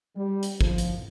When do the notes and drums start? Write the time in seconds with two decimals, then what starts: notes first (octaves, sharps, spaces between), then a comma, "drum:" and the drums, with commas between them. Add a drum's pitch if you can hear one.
0.17 G3
0.43 drum: hi-hat
0.61 F3, drum: kick
0.78 drum: hi-hat